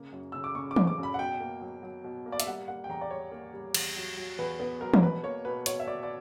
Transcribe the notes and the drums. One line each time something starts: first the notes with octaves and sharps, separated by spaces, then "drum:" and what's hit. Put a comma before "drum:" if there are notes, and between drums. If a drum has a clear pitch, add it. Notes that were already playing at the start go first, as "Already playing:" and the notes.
Already playing: C#3 A#3
F#2
C#3 E6
D6
C#3 C#6
D6
C#3, drum: tom E3
D6
F#2
B5
F#5
B2 G5
A#3
F#3
F#3
B2
A#3
D5
E5, drum: hi-hat
G3 F#5
A#3 F#5
G5
E2 A#5
D5
G3 C#5
A#3
G3
E2, drum: cymbal
F#3
F#3
E2 B4
B3 B4
F#3 A#4
drum: tom E3
B2 B4
A#3 C#5
B2 B4
B2 C#5, drum: hi-hat
E5
B2 D5
D5